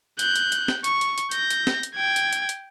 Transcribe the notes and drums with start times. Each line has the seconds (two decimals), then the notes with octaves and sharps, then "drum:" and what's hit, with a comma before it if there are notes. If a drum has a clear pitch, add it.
0.19 F#6 G6, drum: hi-hat
0.36 drum: hi-hat
0.52 drum: hi-hat
0.68 drum: snare
0.84 C#6, drum: hi-hat
1.01 drum: hi-hat
1.18 drum: hi-hat
1.31 G6 A#6, drum: hi-hat
1.50 drum: hi-hat
1.67 drum: snare
1.83 drum: hi-hat
1.95 G5 G#6
2.16 drum: hi-hat
2.33 drum: hi-hat
2.49 drum: hi-hat